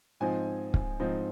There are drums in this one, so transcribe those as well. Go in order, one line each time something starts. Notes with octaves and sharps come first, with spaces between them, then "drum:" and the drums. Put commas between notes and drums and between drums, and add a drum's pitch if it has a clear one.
G#2 F3 C4 D#4 G#5
drum: kick
G#2 F3 C4 D#4